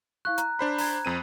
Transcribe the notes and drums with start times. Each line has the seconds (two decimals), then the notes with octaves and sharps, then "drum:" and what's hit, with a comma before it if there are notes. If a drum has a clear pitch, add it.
0.25 E4 F5 C#6 F#6
0.38 A#5, drum: hi-hat
0.59 D4 C5 B5
0.78 A#5 G#6, drum: open hi-hat
1.05 F2 C4 D#7